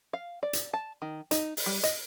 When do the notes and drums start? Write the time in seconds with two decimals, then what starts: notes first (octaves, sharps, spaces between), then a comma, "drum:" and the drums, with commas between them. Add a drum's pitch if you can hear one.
0.13 F5
0.43 D5
0.53 drum: hi-hat
0.73 A5
1.02 D#3
1.31 D#4, drum: hi-hat
1.57 drum: open hi-hat
1.66 G3
1.83 D#5, drum: hi-hat